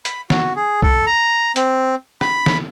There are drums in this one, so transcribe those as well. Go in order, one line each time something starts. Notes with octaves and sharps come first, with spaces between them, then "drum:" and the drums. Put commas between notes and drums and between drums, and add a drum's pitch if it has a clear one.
B5, drum: hi-hat
F#4, drum: snare
G#4
A4, drum: kick B1
A#5
C4, drum: hi-hat
B5, drum: rim click
drum: snare